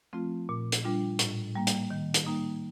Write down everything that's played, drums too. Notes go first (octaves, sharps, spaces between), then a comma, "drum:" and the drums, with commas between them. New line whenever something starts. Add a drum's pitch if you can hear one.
F3 A3 C4 F4
A#2
drum: hi-hat
G3 D4 F4
A2, drum: hi-hat
G3 A#3
drum: hi-hat
D#3
drum: hi-hat
G3 A#3 D#4